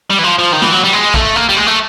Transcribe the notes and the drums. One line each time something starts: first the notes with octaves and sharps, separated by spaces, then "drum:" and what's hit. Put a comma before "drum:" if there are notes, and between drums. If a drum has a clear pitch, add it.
G3
E3
F3
F3
D#3
E3, drum: snare
F#3
G3
G#3
A3, drum: kick A#1
A#3
G3
G#3
A3